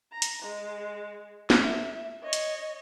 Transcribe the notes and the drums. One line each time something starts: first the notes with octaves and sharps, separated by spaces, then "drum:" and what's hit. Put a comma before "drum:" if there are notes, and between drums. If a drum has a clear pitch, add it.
A#5
drum: hi-hat
G#3
drum: snare
E5
C#5 D#5
drum: hi-hat